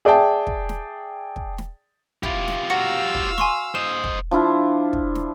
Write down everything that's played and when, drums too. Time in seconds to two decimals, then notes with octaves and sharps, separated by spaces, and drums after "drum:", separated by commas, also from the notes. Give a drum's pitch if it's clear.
0.05 G#4 D5 E5 G5 A5
0.47 drum: kick
0.69 drum: snare
1.36 drum: kick
1.58 drum: snare
2.23 E4 F4 G4, drum: kick
2.48 drum: snare
2.70 F#4 C#5 F5 A#5 E6 C#7
3.15 drum: kick
3.38 G#5 C6 C#6, drum: snare
3.75 C5 D#5 E7
4.04 drum: kick
4.31 F3 D4 E4 F4
4.93 drum: kick
5.15 drum: snare